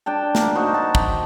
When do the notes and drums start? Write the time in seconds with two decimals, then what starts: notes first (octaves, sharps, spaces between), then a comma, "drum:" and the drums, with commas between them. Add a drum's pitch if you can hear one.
0.06 D4 G5 A5
0.35 A#3, drum: snare
0.55 D#4 F#4 C5
0.74 A5
0.95 drum: kick